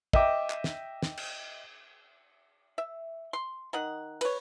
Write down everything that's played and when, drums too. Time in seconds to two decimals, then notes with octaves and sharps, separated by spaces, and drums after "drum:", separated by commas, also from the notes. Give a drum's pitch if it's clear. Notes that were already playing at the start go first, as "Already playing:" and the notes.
0.13 D#5 E5 G5 D6, drum: kick
0.50 drum: clap
0.64 drum: snare
1.03 drum: snare
1.17 drum: cymbal
2.78 E5
3.33 C6
3.73 D#3 D#5 F#5
4.21 B4 C#5, drum: cymbal